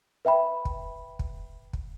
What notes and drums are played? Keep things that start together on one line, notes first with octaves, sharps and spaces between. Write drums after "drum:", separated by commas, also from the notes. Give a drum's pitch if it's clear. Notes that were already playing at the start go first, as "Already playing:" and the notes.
B4 E5 G5 B5
drum: kick
drum: kick
drum: kick